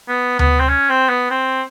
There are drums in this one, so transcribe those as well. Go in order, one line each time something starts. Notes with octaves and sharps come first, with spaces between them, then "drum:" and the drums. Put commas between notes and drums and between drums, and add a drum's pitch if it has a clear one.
B3
B3, drum: tom D2
C4
C#4
C4
B3
C4